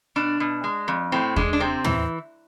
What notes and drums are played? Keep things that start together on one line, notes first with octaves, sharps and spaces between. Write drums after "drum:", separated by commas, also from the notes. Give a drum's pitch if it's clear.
B2 D4
B2
G#3
F2
A2 C4
G#3 D4, drum: kick
D4
C3 C4
E3, drum: tom